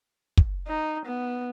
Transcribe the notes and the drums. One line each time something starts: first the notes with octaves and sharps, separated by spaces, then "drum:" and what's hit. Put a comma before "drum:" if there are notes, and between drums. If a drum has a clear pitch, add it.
drum: kick
D#4
B3